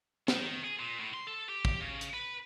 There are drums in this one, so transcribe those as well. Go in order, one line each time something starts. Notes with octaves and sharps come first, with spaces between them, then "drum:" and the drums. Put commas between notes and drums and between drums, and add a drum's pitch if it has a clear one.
D#3, drum: snare
D#3
G#4
A#2
A2
C6
A4
G4
drum: kick
C#3
drum: hi-hat
B4